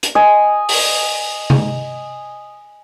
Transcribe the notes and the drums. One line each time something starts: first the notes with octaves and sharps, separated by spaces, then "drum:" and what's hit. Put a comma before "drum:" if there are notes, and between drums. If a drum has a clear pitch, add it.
drum: hi-hat
D#5 G#5
drum: open hi-hat
drum: tom C3